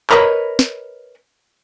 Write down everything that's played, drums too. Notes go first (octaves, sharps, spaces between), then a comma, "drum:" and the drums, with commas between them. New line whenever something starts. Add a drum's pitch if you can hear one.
A#4 B4 C#5 D#5 A#5 B5, drum: clap
drum: snare